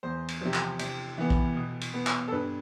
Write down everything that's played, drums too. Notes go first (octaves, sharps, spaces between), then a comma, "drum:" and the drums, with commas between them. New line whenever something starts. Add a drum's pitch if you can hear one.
E2 C5
drum: cymbal
C3 F3
drum: clap
C3, drum: cymbal
E3 B3
drum: kick A#1
B2
drum: cymbal
B3
drum: clap
A4
G2 B4